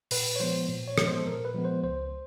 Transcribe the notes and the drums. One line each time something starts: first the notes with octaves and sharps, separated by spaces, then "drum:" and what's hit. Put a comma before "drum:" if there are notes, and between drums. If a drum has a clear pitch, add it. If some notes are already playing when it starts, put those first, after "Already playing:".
A#2 B4, drum: open hi-hat
C#5
F3 G#3 B3 C5
A#2
C#5
F3 G#3 B3, drum: rim click
C5
A4
A#2 A#4
B4
F3 G#3 B3
C5
C#2 C5